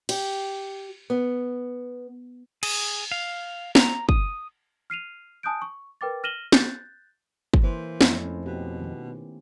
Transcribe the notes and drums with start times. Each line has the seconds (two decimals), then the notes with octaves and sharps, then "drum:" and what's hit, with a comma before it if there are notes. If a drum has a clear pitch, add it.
0.09 G4, drum: cymbal
1.10 B3
2.63 G#4, drum: cymbal
3.11 F5
3.75 A#5, drum: snare
4.09 D#6, drum: kick
4.90 F6 C7 D#7 F7
5.43 G#5 A5 D#6 F#6 G6 D7
5.62 C#6
6.01 A#4 B4 G5 D6 A6
6.24 F6 A#6 D#7 E7 F#7 G7
6.52 F#6 G6 A6, drum: snare
7.54 drum: kick
7.63 E3 A#3 C5
8.01 F2 A3 C#4 E4, drum: snare
8.46 B2 G4
8.79 D#3 B3